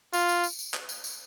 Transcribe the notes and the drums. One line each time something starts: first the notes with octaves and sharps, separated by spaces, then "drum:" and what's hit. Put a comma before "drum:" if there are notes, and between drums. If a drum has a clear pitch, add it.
F4, drum: tambourine
drum: tambourine
drum: tambourine
drum: tambourine
drum: clap
drum: tambourine
drum: tambourine